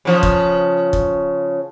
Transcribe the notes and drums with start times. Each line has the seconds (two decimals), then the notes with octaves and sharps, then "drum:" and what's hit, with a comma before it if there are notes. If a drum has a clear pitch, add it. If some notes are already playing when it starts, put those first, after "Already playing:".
0.05 C#3 F3
0.23 drum: kick
0.93 drum: kick